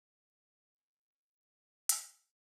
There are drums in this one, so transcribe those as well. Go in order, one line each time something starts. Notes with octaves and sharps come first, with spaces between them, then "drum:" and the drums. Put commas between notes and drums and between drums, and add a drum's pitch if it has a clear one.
A#4
A#3 G#4
C#4 A#4
G#4
A#4
A#3 C#5
A#3
E5, drum: hi-hat
A#3 D#5
F#4